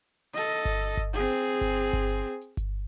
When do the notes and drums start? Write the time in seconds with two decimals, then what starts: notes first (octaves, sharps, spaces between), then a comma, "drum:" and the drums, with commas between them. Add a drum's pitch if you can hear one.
0.33 A4 D#5, drum: hi-hat
0.49 drum: hi-hat
0.65 drum: kick G1, hi-hat
0.81 drum: hi-hat
0.97 drum: kick G1, hi-hat
1.13 C4 G#4, drum: hi-hat
1.29 drum: hi-hat
1.45 drum: hi-hat
1.61 drum: kick G1, hi-hat
1.77 drum: hi-hat
1.93 drum: kick G1, hi-hat
2.09 drum: hi-hat
2.41 drum: hi-hat
2.57 drum: kick G1, hi-hat